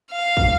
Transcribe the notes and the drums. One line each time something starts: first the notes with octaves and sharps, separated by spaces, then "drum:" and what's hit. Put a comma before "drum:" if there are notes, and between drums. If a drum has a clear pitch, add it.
F5
drum: kick